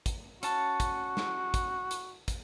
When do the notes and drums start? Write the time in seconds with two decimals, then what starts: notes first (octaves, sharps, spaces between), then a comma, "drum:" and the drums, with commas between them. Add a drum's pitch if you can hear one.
0.06 drum: kick, hi-hat
0.43 C#4 F#4 A5, drum: hi-hat
0.80 drum: kick, hi-hat
1.17 drum: snare
1.54 drum: kick, hi-hat
1.91 drum: hi-hat
2.28 drum: kick, hi-hat